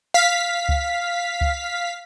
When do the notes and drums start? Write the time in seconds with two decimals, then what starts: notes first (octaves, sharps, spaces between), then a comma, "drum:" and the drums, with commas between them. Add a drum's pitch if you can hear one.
0.14 F5 B6
0.69 drum: kick C#2
1.41 drum: kick C#2